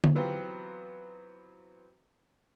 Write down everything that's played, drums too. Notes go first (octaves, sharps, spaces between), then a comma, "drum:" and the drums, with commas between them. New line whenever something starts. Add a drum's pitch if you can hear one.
drum: tom D3
E3 F#3 B3 C4 F4 G4